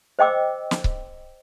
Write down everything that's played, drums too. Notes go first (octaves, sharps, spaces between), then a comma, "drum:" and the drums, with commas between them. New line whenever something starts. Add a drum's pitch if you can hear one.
C5 D#5 G5 D6 E6
drum: snare
drum: kick C#1